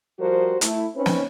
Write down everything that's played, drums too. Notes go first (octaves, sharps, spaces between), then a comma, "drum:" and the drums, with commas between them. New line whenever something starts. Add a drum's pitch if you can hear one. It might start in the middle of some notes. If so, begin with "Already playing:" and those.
F3 G3 F#4 A#4 C5
A3 E4, drum: hi-hat
C4 C#4 D#4 B4 C#5
drum: snare